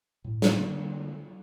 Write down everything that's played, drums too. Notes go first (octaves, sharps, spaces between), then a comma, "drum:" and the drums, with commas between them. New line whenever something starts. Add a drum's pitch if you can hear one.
A2
drum: snare
D3 A#3 D4